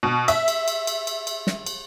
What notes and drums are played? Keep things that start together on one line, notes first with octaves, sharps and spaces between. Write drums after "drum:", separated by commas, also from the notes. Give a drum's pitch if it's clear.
B2
E5, drum: cymbal
drum: cymbal
drum: cymbal
drum: cymbal
drum: cymbal
drum: cymbal
drum: snare
drum: cymbal